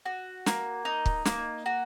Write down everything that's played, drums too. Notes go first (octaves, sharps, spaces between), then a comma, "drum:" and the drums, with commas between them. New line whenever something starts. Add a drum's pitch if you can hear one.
F#4
A#3, drum: snare
D#4
drum: kick
A#3, drum: snare
F#4